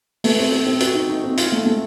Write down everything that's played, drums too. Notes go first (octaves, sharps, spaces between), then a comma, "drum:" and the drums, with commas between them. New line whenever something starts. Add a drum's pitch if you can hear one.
A3, drum: open hi-hat
C4
C4
C4
F#4, drum: hi-hat
D#4
D#4
C4
F4, drum: hi-hat
A3
A3